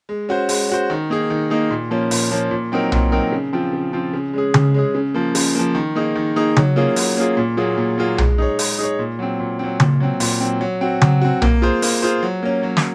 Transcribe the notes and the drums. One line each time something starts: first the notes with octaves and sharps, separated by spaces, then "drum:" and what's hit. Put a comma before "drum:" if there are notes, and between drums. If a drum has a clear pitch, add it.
G#3
C#4 F#4 C5
G#3, drum: open hi-hat
C#4 F#4 C5
D#3
A#3 D#4 G#4
D#3
A#3 D#4 G#4
A#2
F3 A#3 C#4
A#2, drum: open hi-hat
F3 A#3 C#4
A#2
F#3 C4 D#4 A#4
A#2, drum: tom B1
F#3 C4 D#4 A#4
C#3
F3 C4 F4
C#3
F3 C4 F4
C#3
G#3 C#4 G#4
C#3, drum: tom C#3
G#3 C#4 G#4
C#3
F3 A#3
C#3, drum: open hi-hat
F3 A#3
D#3
A#3 D#4 G#4
D#3
A#3 D#4 G#4
F#3, drum: tom C#3
A#3 C#4 F4 G#4
F#3, drum: open hi-hat
A#3 C#4 F4 G#4
A#2
F#3 A#3 F4 G#4
A#2
F#3 A#3 F4 G#4
G#3, drum: tom B1
D#4 G#4 C#5
G#3, drum: open hi-hat
D#4 G#4 C#5
A#2
F#3 C4
A#2
F#3 C4
A#2, drum: tom C#3
F#3 C4
A#2, drum: open hi-hat
F#3 C4
F#3
C4 F#4
F#3, drum: tom C#3
C4 F#4
A#3, drum: tom B1
F4 G#4 C5
A#3, drum: open hi-hat
F4 G#4 C5
F#3
A#3 C#4
F#3
drum: snare